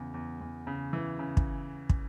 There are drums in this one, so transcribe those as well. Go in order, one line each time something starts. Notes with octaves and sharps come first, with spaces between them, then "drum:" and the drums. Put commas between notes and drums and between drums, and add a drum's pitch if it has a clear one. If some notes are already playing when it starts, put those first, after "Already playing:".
Already playing: E2 C#3
E2
E2
C#3
E3
C#3
drum: kick
drum: kick